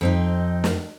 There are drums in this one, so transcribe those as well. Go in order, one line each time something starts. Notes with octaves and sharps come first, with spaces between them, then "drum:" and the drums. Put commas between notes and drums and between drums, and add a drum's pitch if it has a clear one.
F2 C4 D#4
drum: snare